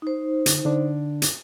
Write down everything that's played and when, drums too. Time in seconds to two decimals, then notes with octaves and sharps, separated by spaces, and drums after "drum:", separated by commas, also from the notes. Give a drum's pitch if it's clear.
0.02 D#4 C5
0.46 D3, drum: hi-hat
0.65 D3 D4
1.22 drum: hi-hat